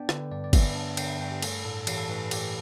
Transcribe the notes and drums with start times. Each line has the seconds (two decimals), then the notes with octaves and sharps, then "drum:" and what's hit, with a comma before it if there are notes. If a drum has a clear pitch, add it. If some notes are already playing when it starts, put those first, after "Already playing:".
Already playing: B3 D4 D5 G5
0.09 D3 B4, drum: rim click
0.32 G2 D5
0.44 D5
0.53 B3 E5, drum: kick G1, cymbal
0.75 D4 A5
0.97 D3 G5, drum: cymbal
1.08 E5
1.20 G2 G5
1.31 G4
1.42 A3 A4, drum: cymbal
1.65 A2 A4
1.87 E3 G4, drum: cymbal
1.98 A4
2.09 A2 B4
2.31 A3 G4, drum: cymbal